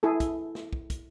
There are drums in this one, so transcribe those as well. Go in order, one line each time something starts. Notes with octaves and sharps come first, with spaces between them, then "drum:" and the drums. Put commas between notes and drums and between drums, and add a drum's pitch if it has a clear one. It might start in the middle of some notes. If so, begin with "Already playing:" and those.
E4 G#4 A4
drum: kick, hi-hat
drum: snare
drum: kick
drum: kick, hi-hat